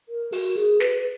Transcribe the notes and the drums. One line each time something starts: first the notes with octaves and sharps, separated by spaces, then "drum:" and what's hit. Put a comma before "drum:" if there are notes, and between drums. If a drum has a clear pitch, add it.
A#4
F#4, drum: open hi-hat
G#4
B4, drum: snare